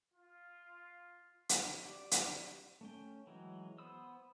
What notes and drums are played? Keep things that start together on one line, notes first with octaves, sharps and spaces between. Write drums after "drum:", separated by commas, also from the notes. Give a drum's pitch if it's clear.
F4
drum: hi-hat
G4 D5
drum: hi-hat
A3 C#4 G5
E3 F#3 G#3
B3 C5 B5 D#6 E6